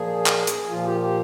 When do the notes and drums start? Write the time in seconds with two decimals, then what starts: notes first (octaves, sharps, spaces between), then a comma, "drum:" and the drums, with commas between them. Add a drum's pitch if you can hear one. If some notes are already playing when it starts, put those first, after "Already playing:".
Already playing: A#2 F3 G#4
0.26 drum: clap
0.47 drum: hi-hat
0.68 A#2 F3 F4
0.84 G4
1.00 G4